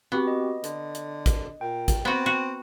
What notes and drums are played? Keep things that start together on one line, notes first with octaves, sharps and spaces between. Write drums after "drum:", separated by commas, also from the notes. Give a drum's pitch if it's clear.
B3 C4 F#4 G4
D#5
D3, drum: hi-hat
drum: hi-hat
drum: kick, hi-hat
A#2 G5
drum: kick, hi-hat
B3 C4 F#4
F#4